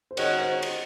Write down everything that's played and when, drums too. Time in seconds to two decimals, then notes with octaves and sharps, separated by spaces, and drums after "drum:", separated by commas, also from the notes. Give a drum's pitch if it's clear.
0.11 C5
0.17 D#3 G#3 C#4 F#4 C#5, drum: cymbal
0.40 C5
0.62 drum: cymbal